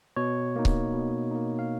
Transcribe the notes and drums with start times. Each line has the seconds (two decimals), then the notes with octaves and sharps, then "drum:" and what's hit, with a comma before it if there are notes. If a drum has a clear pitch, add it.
0.16 B2 C#5
0.56 A#3 D#4
0.65 drum: kick C#1
0.93 B2
1.31 A#3 D#4
1.59 F5